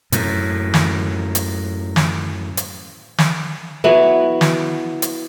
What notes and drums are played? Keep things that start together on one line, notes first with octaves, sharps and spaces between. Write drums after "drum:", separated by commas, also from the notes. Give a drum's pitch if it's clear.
F#2 A2, drum: hi-hat
drum: snare
drum: hi-hat
drum: snare
drum: hi-hat
drum: snare
E3 F#3 B3
drum: snare
drum: hi-hat